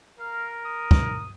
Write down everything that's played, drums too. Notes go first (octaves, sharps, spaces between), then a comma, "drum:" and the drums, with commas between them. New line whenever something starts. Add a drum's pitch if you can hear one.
A#4 F5
D#6
drum: kick